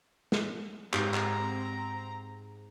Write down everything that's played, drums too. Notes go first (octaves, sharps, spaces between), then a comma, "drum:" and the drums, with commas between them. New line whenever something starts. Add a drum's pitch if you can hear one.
drum: snare
G#2 C4 G4 A#5, drum: clap
drum: clap